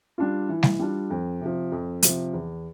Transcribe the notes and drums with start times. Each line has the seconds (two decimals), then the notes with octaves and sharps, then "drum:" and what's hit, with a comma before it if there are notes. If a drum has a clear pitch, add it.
0.18 G3 D4 F4
0.49 E3
0.63 drum: snare G3
0.79 G3 D4 F4
1.10 F2
1.41 C3 F3
1.72 F2
2.03 C3 F3, drum: hi-hat
2.34 E2